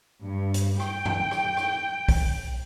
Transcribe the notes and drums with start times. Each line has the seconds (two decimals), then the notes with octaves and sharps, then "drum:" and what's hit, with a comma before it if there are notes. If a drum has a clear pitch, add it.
0.24 G2
0.54 drum: hi-hat
0.80 G5, drum: rim click
1.06 drum: tom F#2
1.31 drum: rim click
1.57 drum: rim click
2.09 drum: kick B1, open hi-hat